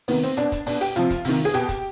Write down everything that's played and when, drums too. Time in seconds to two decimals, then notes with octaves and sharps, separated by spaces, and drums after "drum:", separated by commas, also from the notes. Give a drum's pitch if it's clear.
0.08 C3 D#3 B3, drum: open hi-hat
0.23 C4, drum: hi-hat
0.37 B2 D4, drum: hi-hat
0.52 drum: kick, hi-hat
0.67 B2 D4, drum: open hi-hat
0.81 G4, drum: hi-hat
0.96 C3 F3 F4, drum: hi-hat
1.10 drum: kick, hi-hat
1.25 C3 D#3, drum: open hi-hat
1.45 G#4
1.54 B2 G4, drum: hi-hat
1.69 drum: kick, hi-hat